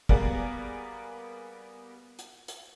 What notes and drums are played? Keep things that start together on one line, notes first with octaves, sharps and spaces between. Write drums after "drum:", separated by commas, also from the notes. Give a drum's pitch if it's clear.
G3 A#3 B3 G#4 A#4 D5, drum: kick
drum: hi-hat
drum: hi-hat